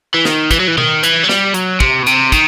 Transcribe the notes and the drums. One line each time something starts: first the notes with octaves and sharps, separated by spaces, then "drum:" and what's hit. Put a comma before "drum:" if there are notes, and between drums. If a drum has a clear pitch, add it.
E3
D#3, drum: snare
E3, drum: kick, hi-hat
F#3
E3
D#3, drum: tom B2
E3, drum: hi-hat
F#3
G3, drum: snare
F#3, drum: hi-hat
C3, drum: kick
B2
C3, drum: hi-hat
D#3, drum: kick, hi-hat